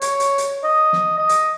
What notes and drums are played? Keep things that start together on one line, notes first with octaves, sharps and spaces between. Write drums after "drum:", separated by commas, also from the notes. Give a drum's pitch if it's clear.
C#5, drum: hi-hat
drum: hi-hat
drum: hi-hat
D#5
drum: snare
D#5
drum: hi-hat